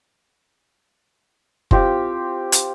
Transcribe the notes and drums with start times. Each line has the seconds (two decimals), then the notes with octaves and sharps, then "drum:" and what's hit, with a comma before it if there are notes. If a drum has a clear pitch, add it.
1.71 C4 F4 G4 G5, drum: kick F#1
2.52 drum: hi-hat